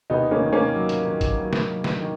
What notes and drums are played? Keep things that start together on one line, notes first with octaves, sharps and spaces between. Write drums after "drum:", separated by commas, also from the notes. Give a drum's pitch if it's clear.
D#2 B3 D#4
A#3 C#4
D#3
A#3 C#4
F#3
drum: hi-hat
D#3
drum: kick A1, hi-hat
F#3
drum: snare
F#3
drum: snare
D#3